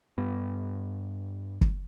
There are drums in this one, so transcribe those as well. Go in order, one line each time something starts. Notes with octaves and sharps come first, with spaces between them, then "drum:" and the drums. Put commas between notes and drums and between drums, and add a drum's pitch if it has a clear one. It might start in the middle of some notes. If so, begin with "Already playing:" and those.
G2 B3
drum: kick